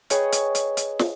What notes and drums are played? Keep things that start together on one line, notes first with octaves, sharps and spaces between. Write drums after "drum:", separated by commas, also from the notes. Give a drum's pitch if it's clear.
G#4 B4 C#5 D#5 G5, drum: hi-hat
drum: hi-hat
drum: hi-hat
drum: hi-hat
drum: snare